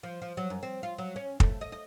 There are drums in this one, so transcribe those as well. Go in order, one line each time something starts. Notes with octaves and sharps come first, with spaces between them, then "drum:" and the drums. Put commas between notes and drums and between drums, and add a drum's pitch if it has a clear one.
F3
F3
F#3
F#2
C4
F4
F#3
C#4
A3, drum: kick
D#5
D#5